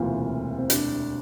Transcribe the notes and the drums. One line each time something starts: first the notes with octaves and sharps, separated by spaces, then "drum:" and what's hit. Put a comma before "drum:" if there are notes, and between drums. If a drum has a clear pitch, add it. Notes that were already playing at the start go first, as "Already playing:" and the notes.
Already playing: E1 D2 C3 E3 A#3 F4
C4
D4, drum: hi-hat